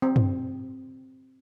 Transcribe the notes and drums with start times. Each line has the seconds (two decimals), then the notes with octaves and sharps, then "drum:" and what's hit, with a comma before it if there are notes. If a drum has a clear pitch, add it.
0.02 C4
0.16 drum: tom